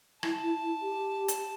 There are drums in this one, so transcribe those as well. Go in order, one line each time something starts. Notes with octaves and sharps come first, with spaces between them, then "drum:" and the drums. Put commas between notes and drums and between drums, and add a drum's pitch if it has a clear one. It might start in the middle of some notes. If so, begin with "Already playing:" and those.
E4 A5, drum: rim click
E4
E4
G4
drum: hi-hat